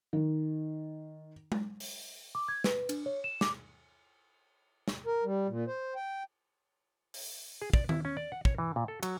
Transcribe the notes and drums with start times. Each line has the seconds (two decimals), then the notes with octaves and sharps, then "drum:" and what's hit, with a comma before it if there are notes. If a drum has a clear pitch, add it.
0.13 D#3
1.52 drum: tom G#3
1.80 drum: open hi-hat
2.35 D6
2.48 G#6
2.64 B4, drum: snare
2.89 D4, drum: cymbal
3.06 C#5
3.24 E7
3.41 D6, drum: snare
4.88 drum: snare
5.06 A#4
5.24 G3
5.48 A#2
5.68 C5
5.95 G5
7.14 drum: open hi-hat
7.62 G#4
7.73 D5, drum: kick
7.89 E4, drum: tom D#3
8.05 C#4
8.17 D5
8.32 F#5
8.45 C#5, drum: kick
8.58 E3
8.76 A#2
8.88 A4
9.03 F#3, drum: cymbal